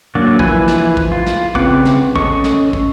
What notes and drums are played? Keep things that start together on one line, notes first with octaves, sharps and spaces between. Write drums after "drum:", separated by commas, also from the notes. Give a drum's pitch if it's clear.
F#3 A#3 D4 F#4 D5
E3 F3 E4 B4 G#5, drum: kick
drum: snare
drum: kick
F4
drum: snare
C#3 C4 B4 F#5 D6, drum: kick
drum: snare
C#4 A4 D#5 C#6, drum: kick
drum: snare
drum: kick